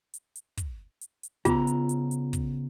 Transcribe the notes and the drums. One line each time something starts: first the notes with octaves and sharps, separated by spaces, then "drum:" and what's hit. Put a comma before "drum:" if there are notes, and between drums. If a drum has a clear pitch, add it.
drum: hi-hat
drum: hi-hat
drum: kick, hi-hat
drum: hi-hat
drum: hi-hat
C#3 B3 F4 A#5, drum: kick, hi-hat
drum: hi-hat
drum: hi-hat
drum: hi-hat
drum: kick, hi-hat